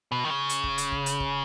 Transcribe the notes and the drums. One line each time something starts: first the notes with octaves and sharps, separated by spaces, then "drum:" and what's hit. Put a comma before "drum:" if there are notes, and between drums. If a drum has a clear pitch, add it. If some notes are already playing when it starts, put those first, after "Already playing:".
B2
D#3
C#3
drum: hi-hat
drum: kick
drum: hi-hat
drum: kick
drum: hi-hat
drum: kick